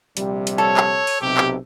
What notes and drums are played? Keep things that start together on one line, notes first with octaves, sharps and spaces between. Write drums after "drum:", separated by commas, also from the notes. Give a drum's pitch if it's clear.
A#1 C3 G3, drum: hi-hat
drum: hi-hat
A4 C#5
drum: clap
drum: open hi-hat
B1 C3 G4
drum: clap